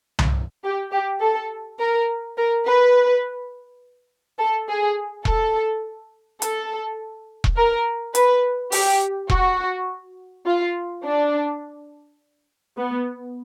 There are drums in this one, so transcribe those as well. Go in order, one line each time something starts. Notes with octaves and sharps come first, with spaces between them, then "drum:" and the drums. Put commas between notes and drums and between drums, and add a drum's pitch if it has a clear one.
drum: tom C2
G4
G4
A4
A#4
A#4
B4
A4
G#4
A4, drum: kick E1
A4, drum: hi-hat
drum: kick E1
A#4
B4, drum: hi-hat
G4, drum: open hi-hat
F#4, drum: kick E1
F4
D4
B3